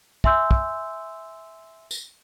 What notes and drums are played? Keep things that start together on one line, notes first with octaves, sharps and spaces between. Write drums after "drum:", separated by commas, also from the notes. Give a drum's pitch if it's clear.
E5 G#5 C6 E6 G6, drum: kick
drum: kick
drum: tambourine